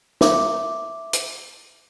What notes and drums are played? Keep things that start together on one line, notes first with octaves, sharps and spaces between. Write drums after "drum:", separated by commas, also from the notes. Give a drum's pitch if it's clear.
E5 D6, drum: snare
drum: hi-hat